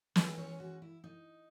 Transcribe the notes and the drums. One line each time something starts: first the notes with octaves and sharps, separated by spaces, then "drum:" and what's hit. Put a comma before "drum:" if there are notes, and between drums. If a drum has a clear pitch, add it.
E3 G#3 C#4 A4, drum: snare
C#5
F#4
E4
D#4